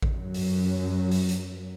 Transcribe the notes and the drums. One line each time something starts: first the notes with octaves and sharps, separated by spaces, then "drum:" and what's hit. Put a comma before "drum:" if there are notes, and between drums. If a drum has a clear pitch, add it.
drum: kick A1
F#2 F#3
drum: open hi-hat
drum: open hi-hat
drum: hi-hat